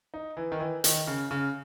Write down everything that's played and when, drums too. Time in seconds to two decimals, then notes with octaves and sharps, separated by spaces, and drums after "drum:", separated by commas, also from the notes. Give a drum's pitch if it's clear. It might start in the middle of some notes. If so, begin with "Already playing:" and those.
0.14 D#4
0.37 E3
0.52 D#3
0.60 E3
0.84 D#3, drum: hi-hat
1.07 C#3
1.31 C#3